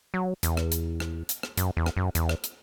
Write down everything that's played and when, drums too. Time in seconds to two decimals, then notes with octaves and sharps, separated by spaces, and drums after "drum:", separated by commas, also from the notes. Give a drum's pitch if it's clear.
0.14 F#3
0.43 E2, drum: hi-hat
0.57 drum: rim click
0.72 drum: hi-hat
1.00 drum: rim click
1.29 drum: hi-hat
1.43 drum: rim click
1.57 F#2, drum: hi-hat
1.77 E2
1.86 drum: rim click
1.97 F#2
2.15 E2, drum: hi-hat
2.29 drum: rim click
2.44 drum: hi-hat